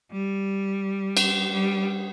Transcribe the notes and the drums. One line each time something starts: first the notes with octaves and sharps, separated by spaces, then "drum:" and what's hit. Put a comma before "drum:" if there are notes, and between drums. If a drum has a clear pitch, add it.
G3
drum: cymbal
G3